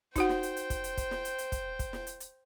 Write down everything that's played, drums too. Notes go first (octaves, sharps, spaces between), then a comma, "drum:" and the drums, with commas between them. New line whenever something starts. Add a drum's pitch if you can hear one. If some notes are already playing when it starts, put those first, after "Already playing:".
D#4 F#4 C5 F#5 G5, drum: kick, hi-hat
drum: snare
drum: hi-hat
drum: hi-hat
drum: kick, hi-hat
drum: hi-hat
drum: kick, hi-hat
drum: snare
drum: hi-hat
drum: hi-hat
drum: kick, hi-hat
drum: kick, hi-hat
drum: snare
drum: hi-hat
drum: hi-hat